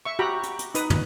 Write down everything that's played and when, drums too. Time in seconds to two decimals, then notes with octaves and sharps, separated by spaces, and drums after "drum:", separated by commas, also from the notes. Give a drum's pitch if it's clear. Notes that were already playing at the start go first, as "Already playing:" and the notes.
0.05 E5 C#6
0.19 F#4 G4 G5 A#5 B5
0.43 drum: hi-hat
0.59 drum: hi-hat
0.74 D#4 B4 D#6, drum: hi-hat
0.90 drum: tom